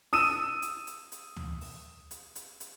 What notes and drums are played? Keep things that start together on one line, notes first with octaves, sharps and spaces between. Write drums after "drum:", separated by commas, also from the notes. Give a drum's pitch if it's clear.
D#6 E6 D#7 E7, drum: open hi-hat
drum: hi-hat
drum: hi-hat
drum: hi-hat
drum: tom D2
drum: open hi-hat
drum: hi-hat
drum: hi-hat
drum: hi-hat